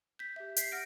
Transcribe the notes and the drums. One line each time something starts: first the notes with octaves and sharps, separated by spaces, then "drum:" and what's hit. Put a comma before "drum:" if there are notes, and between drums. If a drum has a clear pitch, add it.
G6 B6
G4 E5
G6 B6 C7, drum: hi-hat
F#5 F6 A#6 D7